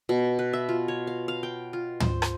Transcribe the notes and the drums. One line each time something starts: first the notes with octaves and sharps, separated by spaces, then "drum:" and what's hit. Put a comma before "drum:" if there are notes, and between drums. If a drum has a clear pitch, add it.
B2
B4
E5
F4
C#5
F5
F5
G5
F4
C5, drum: tom
drum: rim click